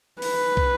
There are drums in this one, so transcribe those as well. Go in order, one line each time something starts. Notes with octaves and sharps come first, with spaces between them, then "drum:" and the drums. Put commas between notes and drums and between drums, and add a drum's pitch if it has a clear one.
B4, drum: open hi-hat
drum: kick